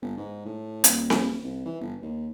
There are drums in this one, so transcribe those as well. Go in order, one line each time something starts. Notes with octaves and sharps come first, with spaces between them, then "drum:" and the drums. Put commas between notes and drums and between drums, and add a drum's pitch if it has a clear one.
G1
G#2
A2
D#1, drum: hi-hat
drum: snare C4
C2
E3
G1
D#2